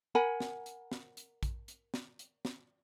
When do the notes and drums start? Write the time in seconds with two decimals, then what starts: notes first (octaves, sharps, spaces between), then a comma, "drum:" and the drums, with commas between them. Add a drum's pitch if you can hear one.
0.15 A#4 F#5 G#5 B5
0.40 drum: snare
0.66 drum: hi-hat
0.92 drum: snare
1.17 drum: hi-hat
1.43 drum: kick A#1, hi-hat
1.68 drum: hi-hat
1.94 drum: snare
2.19 drum: hi-hat
2.45 drum: snare